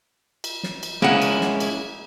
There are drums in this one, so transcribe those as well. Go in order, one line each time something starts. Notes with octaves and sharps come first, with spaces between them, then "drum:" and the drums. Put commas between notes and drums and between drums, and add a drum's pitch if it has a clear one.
drum: cymbal
drum: snare
drum: cymbal
G#3 A#3 C#4 E4 F#5
drum: cymbal
drum: snare
drum: cymbal